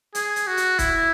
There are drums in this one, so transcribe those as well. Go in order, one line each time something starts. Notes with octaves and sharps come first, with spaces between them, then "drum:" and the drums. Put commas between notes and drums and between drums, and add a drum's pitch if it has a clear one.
G#4, drum: hi-hat
drum: hi-hat
F#4
drum: hi-hat
E4, drum: kick C#1, hi-hat